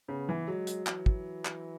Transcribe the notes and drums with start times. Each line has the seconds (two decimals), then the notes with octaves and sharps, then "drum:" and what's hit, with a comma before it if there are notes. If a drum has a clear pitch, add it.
0.08 C#3 B3
0.29 E3
0.47 F#3 G#3
0.67 drum: hi-hat
0.87 E3, drum: clap
1.06 drum: kick
1.45 drum: clap